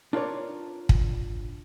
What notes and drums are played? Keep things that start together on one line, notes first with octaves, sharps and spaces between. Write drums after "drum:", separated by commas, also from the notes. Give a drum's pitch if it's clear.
D4 F4 A#4 B4 C#5 D5
drum: kick